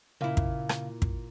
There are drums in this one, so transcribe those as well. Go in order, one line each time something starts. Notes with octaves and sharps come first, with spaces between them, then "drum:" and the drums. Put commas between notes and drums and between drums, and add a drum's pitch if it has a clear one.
A#2 C#3 E4 F5
drum: kick
drum: rim click
drum: kick